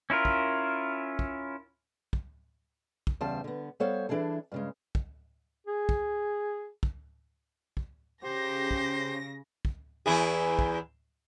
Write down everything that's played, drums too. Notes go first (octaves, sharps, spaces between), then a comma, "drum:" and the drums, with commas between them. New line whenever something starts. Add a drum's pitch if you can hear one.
C#4 E4 F4 A#4
drum: kick
drum: kick
drum: kick
drum: kick
E2 C#3 G3 C5 A5
D3 B3
G3 B3 A4 C5 C#5 F5
E3 D4 E4 G#4 A4
G2 C#3 G#3
drum: kick
G#4
drum: kick
drum: kick
drum: kick
C#3 G4 C5 A#6
drum: kick
drum: kick
E2 E4 G#4
drum: kick